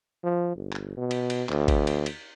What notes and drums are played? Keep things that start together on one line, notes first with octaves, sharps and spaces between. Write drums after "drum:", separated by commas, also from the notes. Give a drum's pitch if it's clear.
F3
G1
drum: clap
B2
drum: cymbal
drum: cymbal
D2, drum: clap
drum: kick G#1, cymbal
drum: cymbal
drum: cymbal